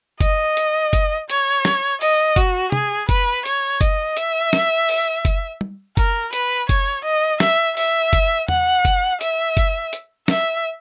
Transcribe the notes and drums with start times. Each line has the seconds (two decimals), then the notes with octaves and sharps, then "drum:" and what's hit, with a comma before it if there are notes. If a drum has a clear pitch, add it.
0.21 D#5, drum: kick F#1, hi-hat
0.57 drum: hi-hat
0.93 drum: kick F#1, hi-hat
1.30 C#5, drum: hi-hat
1.65 drum: snare
2.01 D#5, drum: open hi-hat
2.36 F#4, drum: kick F#1, hi-hat
2.72 G#4, drum: tom
3.09 B4, drum: kick F#1, hi-hat
3.45 C#5, drum: hi-hat
3.81 D#5, drum: kick F#1, hi-hat
4.17 E5, drum: hi-hat
4.53 drum: snare
4.89 drum: open hi-hat
5.25 drum: kick F#1, hi-hat
5.61 drum: tom
5.97 A#4, drum: kick F#1, hi-hat
6.33 B4, drum: hi-hat
6.69 C#5, drum: kick F#1, hi-hat
7.04 D#5
7.40 E5, drum: snare
7.77 E5, drum: open hi-hat
8.13 drum: kick F#1, hi-hat
8.48 F#5, drum: tom E2
8.85 drum: kick F#1, hi-hat
9.21 E5, drum: hi-hat
9.57 drum: kick F#1, hi-hat
9.93 drum: hi-hat
10.28 E5, drum: snare